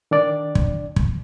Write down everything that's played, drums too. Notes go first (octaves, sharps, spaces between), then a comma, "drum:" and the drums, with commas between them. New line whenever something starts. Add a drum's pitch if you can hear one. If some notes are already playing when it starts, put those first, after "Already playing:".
D#3 D4 D5
drum: kick
drum: kick